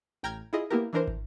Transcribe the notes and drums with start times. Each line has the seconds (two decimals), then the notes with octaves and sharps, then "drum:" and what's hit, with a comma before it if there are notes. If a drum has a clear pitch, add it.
0.23 A1 G5 A#5 F6 G#6
0.53 E4 F4 G#4 D#5
0.70 A#3 B3 E4 G4 A#4
0.93 E3 D4 A#4 C5
1.08 drum: kick